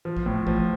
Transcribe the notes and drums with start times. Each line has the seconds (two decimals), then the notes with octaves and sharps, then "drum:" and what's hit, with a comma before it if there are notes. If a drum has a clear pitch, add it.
0.05 F3
0.17 drum: kick
0.26 A2
0.47 F3, drum: kick